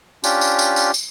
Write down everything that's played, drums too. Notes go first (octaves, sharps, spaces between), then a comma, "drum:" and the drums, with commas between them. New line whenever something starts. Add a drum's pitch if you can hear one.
C#4 D4 F4 G4, drum: tambourine
drum: tambourine
drum: tambourine
drum: tambourine
drum: tambourine